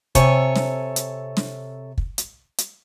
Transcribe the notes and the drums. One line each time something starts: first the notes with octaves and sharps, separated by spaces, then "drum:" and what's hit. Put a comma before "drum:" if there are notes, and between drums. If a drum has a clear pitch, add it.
C3 A4 C#5 G#5, drum: kick, hi-hat
drum: snare
drum: hi-hat
drum: snare
drum: kick
drum: hi-hat
drum: hi-hat